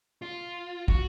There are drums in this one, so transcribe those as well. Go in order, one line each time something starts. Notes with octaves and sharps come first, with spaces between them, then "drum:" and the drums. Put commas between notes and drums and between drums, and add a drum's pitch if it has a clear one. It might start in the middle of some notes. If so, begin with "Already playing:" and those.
F4
F#4, drum: kick